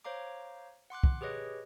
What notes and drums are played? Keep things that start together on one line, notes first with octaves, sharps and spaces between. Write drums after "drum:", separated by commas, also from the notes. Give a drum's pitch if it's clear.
C5 C#5 F5 A#5 D6
F#5 C6 D6 F#6
drum: kick
G4 G#4 B4 C#5 D#5